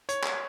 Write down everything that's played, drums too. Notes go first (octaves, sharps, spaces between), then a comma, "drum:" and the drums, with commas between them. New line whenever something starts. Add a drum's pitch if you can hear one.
C#5, drum: hi-hat
drum: clap